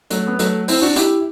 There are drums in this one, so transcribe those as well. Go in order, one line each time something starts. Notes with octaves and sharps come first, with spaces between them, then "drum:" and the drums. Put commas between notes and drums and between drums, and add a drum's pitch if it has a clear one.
F#3 A3, drum: hi-hat
B3
F#3 A3, drum: hi-hat
C4 E4, drum: open hi-hat
D4 F#4
E4 G4, drum: hi-hat